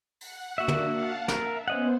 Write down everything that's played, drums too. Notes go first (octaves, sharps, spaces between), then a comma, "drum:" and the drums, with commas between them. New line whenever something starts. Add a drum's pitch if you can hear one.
F#5, drum: open hi-hat
A#3 D4 F#4 E5
drum: tom
F5 F#5 A5
A#4 E5, drum: snare
B3 C#4 C5 D#5 F#5